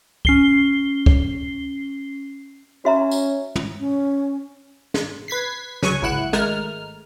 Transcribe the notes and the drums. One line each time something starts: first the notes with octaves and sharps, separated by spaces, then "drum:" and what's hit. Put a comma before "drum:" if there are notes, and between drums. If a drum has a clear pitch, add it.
C#4 C7 G7, drum: kick
drum: kick
C#4 F#4 E5 A#5
drum: tambourine
drum: tom
C#4
drum: snare
B4 G#6 B6 C7
C#2 F#3 G#5 C#6, drum: snare
G#1 C#2 E4 F#5 F#6
G#1 G#3 A3 A#4 F6, drum: snare